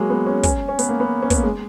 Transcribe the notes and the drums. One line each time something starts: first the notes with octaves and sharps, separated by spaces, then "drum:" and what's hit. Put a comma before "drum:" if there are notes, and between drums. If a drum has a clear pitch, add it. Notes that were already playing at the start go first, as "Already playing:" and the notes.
Already playing: F#3 G#3 A#3
B3
C#4
C#4, drum: kick, hi-hat
C#4
B3, drum: hi-hat
A#3
B3
C#4
B3, drum: kick, hi-hat
A#3
G#3